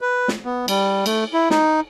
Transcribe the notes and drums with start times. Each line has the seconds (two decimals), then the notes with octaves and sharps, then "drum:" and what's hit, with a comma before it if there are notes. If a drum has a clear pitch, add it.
0.01 B4
0.28 drum: snare
0.45 B3
0.68 G3, drum: cymbal
1.06 A3, drum: cymbal
1.34 E4
1.50 D#4, drum: snare